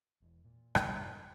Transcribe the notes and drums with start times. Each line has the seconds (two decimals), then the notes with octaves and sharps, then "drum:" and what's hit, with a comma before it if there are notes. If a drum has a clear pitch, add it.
0.22 E1
0.45 A#2
0.75 drum: rim click
0.90 F#2
1.16 D#1